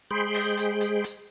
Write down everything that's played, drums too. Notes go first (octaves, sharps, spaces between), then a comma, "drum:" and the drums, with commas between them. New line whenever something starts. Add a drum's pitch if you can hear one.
G#3 G#4 C5 G5 B5 C6
drum: open hi-hat
drum: hi-hat
drum: hi-hat
drum: hi-hat